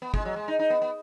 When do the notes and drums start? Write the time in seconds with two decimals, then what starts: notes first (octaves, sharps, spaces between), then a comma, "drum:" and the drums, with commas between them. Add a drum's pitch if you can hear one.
0.02 B3
0.14 G#3, drum: kick
0.25 F#3
0.36 G#3
0.48 D#4
0.59 D#4
0.70 B3
0.82 B3